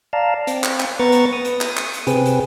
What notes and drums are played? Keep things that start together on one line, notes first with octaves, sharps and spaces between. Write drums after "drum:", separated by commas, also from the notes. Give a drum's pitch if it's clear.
D5 F5 A5 A#5
C4, drum: hi-hat
drum: clap
drum: clap
B3 B4 A#5 C#6 A6
drum: hi-hat
D#6
drum: hi-hat
drum: clap
drum: clap
drum: hi-hat
C3 C4 G#4 B4, drum: hi-hat
drum: hi-hat